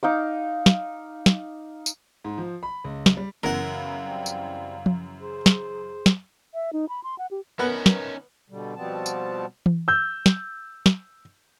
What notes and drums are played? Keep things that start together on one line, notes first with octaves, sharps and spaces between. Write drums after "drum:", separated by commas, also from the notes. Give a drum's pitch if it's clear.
D#4 F5 D6
drum: snare
drum: snare
drum: tambourine
G#2
F3
B5
C#2
drum: snare
G3
F#2 C#3 E3 B3 A#4 F#5
B3 C#4 E4 F5
G3 C4
drum: tambourine
drum: tom F3
G#4 C5
drum: snare
drum: snare
E5
D#4
B5
C6
F#5
G4
B3 C#4 D#4 A#4 B4 F#5
drum: snare
B2 D3 G3
B2 F3 G3 B3 C4 A5
drum: tambourine
drum: tom E3
E6 G6
drum: snare
drum: snare